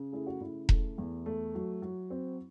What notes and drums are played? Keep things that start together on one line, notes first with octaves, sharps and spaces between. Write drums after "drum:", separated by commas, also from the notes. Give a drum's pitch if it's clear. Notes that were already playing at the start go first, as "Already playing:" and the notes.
Already playing: C#3
A3 E4 G#4
F#4
C#3 E4
A3, drum: kick E1
E2
A3
F#3
F#3
C4